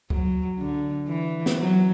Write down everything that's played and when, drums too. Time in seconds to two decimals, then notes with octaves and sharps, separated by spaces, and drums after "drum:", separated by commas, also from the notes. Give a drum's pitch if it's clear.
0.10 F#3, drum: kick C#2
0.60 D3
1.08 E3
1.46 drum: snare
1.58 F#3